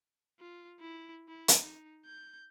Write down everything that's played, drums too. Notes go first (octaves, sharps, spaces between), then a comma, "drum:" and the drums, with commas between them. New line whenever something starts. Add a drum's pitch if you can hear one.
F4
E4
E4
drum: hi-hat
D#4
G6